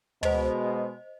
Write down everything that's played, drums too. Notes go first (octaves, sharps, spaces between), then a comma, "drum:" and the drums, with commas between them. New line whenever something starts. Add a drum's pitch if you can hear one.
B2 G#3 C5 D#5, drum: tom